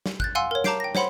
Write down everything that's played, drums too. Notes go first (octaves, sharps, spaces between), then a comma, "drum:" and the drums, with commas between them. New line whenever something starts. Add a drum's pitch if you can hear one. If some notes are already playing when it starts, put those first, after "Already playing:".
drum: snare
F#6 G6 A6, drum: kick
F5 F#5 G#5 C6 E6 C#7
A#4 C#5
A5 A#5 D6 G6 C7 D7, drum: snare
G5 A#6
C5 C#5 F#5 B5 C6, drum: snare